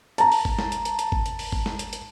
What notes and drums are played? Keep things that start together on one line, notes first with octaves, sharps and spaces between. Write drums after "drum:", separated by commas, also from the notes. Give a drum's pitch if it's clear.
A5 A#5, drum: hi-hat
drum: open hi-hat
drum: kick
drum: snare
drum: hi-hat
drum: hi-hat
drum: hi-hat
drum: kick
drum: hi-hat
drum: open hi-hat
drum: kick
drum: snare
drum: hi-hat
drum: hi-hat